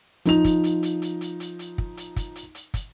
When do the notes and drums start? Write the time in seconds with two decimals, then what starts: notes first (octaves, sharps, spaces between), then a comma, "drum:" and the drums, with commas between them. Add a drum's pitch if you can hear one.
0.25 F3 D#4 F7, drum: hi-hat
0.44 drum: kick, hi-hat
0.64 drum: hi-hat
0.83 drum: hi-hat
1.02 drum: hi-hat
1.21 drum: hi-hat
1.40 drum: hi-hat
1.59 drum: hi-hat
1.78 drum: kick
1.97 drum: hi-hat
2.16 drum: kick, hi-hat
2.36 drum: hi-hat
2.55 drum: hi-hat
2.74 drum: kick, hi-hat